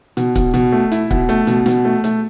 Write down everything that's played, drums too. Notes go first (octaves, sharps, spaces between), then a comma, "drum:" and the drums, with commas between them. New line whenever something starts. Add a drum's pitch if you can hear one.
B2, drum: hi-hat
B2, drum: kick C#1, hi-hat
B2, drum: hi-hat
A3
E4, drum: hi-hat
B2, drum: kick C#1
A3, drum: hi-hat
B2, drum: hi-hat
B2, drum: snare
A3
A3, drum: hi-hat